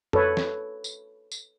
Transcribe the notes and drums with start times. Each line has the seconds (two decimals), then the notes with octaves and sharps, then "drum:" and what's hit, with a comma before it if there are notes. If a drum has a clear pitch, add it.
0.13 A4 B4 C#5, drum: tom F2
0.37 drum: snare
0.84 drum: tambourine
1.32 drum: tambourine